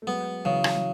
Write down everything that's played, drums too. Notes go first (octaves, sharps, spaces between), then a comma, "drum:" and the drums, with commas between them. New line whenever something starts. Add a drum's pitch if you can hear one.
A3
F#3 G#3 B3
C#3 E3 F#3
drum: rim click
F#3